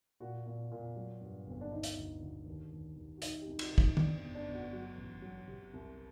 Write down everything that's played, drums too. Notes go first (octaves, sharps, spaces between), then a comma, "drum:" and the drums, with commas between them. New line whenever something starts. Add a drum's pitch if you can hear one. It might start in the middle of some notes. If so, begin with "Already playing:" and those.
A#2 F#4
A#2
A#2
F#3
G2
G1 C4
D4
D2 D#4
drum: hi-hat
D2
D2
D#2
D#2
D#2
F#4
C3 D#4, drum: hi-hat
G4
C2
D#4
F#4, drum: cymbal
C3
D#4, drum: kick
G1 D4, drum: tom
C4
G1
D4
G1
F#4
F#3 F#4
A1
F#3
C3
C2